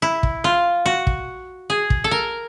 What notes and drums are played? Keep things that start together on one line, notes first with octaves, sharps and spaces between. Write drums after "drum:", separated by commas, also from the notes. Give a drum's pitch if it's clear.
E4
drum: kick
F4
F#4
drum: kick
G#4
drum: kick
A4
A#4